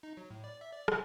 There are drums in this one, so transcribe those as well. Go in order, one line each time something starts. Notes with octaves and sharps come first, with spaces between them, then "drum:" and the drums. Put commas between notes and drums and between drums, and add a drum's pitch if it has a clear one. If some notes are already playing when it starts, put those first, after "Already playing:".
D#4
F#3
A2
D5
E5
D5
C6, drum: rim click